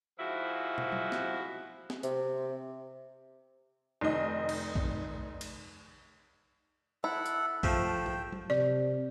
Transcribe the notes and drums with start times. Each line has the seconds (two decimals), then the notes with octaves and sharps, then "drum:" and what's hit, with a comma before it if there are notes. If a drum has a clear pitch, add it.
0.18 G#2 F3 E4 F#4
0.78 drum: tom
0.92 drum: tom F#3
1.12 drum: snare
1.90 drum: snare
2.03 C3, drum: hi-hat
4.01 F1 D#3 D#4 D#5
4.49 drum: cymbal
4.75 drum: kick A#1
5.41 drum: cymbal
7.04 E4 A4 F#5
7.26 drum: hi-hat
7.63 F3 A3 G5, drum: kick A#1
8.06 drum: tom G#2
8.32 drum: tom F#3
8.50 C3 D5